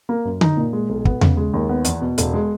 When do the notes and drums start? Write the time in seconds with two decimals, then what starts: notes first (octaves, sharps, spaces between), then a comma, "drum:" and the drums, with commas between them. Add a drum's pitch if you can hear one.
0.09 A#3
0.25 F#2
0.41 D#4, drum: tom D3
0.57 A#2
0.73 G#3
0.89 B1
1.05 B3, drum: kick
1.21 C#3, drum: tom E2
1.37 G#3
1.54 D#2
1.69 B3
1.85 E2, drum: hi-hat
2.01 B2
2.18 E1, drum: hi-hat
2.33 G#3